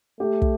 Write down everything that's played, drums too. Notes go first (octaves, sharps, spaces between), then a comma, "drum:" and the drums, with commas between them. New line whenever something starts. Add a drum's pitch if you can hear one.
A3 G4
drum: kick